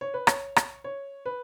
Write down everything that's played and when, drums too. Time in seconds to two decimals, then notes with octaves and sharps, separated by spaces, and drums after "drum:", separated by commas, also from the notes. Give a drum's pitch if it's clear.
0.01 C#5
0.14 B4
0.27 C#5, drum: rim click
0.56 drum: rim click
0.84 C#5
1.26 B4